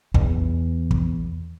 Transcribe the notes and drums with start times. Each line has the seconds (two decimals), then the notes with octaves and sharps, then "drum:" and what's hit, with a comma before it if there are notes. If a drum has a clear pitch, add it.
0.14 E2, drum: kick
0.91 drum: kick